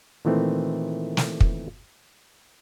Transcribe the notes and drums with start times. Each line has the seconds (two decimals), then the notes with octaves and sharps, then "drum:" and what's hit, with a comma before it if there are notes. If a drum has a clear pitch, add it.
0.25 A#2 D#3 E3 A3 C4
1.17 drum: snare
1.41 drum: kick